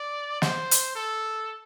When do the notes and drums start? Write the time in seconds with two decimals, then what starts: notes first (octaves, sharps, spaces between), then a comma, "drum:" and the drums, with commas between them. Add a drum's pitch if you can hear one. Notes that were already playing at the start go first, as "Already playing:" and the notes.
Already playing: D5
0.42 C5, drum: snare
0.71 drum: hi-hat
0.95 A4